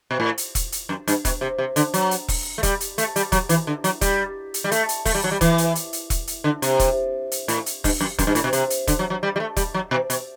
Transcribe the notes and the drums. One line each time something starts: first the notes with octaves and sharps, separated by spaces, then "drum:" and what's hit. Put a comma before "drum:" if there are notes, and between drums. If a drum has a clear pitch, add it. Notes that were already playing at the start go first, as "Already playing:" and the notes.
B2
A2
drum: hi-hat
drum: kick E1, hi-hat
drum: hi-hat
F#2
G2, drum: hi-hat
B2, drum: kick E1, hi-hat
C3
C3
D3, drum: hi-hat
F#3, drum: hi-hat
drum: hi-hat
drum: kick E1, open hi-hat
A3
G3, drum: kick E1, hi-hat
drum: hi-hat
A3, drum: hi-hat
G3, drum: hi-hat
F#3, drum: kick E1, hi-hat
E3, drum: hi-hat
D3
F#3, drum: hi-hat
G3, drum: kick E1, hi-hat
drum: hi-hat
G3
A3, drum: hi-hat
drum: hi-hat
A3, drum: kick E1, open hi-hat
G3
F#3
G3
E3, drum: kick E1, hi-hat
drum: hi-hat
drum: hi-hat
drum: hi-hat
drum: kick E1, hi-hat
drum: hi-hat
D3
C3, drum: hi-hat
drum: kick E1, hi-hat
drum: hi-hat
A2, drum: hi-hat
drum: hi-hat
G2, drum: kick E1, open hi-hat
F#2
F#2, drum: kick E1, hi-hat
G2
A2, drum: hi-hat
B2
C3, drum: hi-hat
drum: hi-hat
D3, drum: kick E1, hi-hat
F#3
F#3
G3
G3
A3
G3, drum: kick E1, hi-hat
F#3
B2
B2, drum: hi-hat